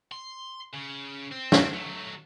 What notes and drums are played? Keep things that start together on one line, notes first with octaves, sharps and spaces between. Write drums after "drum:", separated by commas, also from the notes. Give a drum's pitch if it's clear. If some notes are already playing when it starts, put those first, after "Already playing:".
C6
C#3
C4
drum: snare
F#3 A3